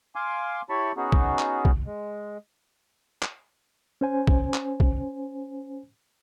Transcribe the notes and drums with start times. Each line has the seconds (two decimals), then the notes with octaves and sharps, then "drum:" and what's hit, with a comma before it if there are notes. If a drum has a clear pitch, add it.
0.16 F5 G#5 C6 D6
0.70 E4 G4 C#5 A5 B5 C#6
0.97 B3 C#4 D#4 F#4 G#4
1.12 drum: kick
1.39 drum: clap
1.65 drum: kick
1.86 G#3
3.22 drum: clap
4.01 C#4 C5 G#5
4.27 drum: kick
4.54 drum: clap
4.80 drum: kick